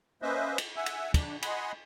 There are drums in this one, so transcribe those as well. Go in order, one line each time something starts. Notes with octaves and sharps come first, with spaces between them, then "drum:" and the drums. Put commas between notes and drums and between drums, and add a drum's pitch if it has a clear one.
A#3 C#4 B4 C5 D#5 E5
drum: cymbal
E5 F#5 G#5 E6
drum: cymbal
D4, drum: kick, cymbal
D#5 F#5 G#5 B5 C6, drum: cymbal